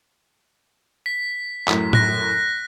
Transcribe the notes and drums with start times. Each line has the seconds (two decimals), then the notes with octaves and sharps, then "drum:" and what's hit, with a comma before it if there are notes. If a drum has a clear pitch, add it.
1.06 B6
1.68 F#2 A2 F#3, drum: clap
1.93 F#6 A#6, drum: tom A2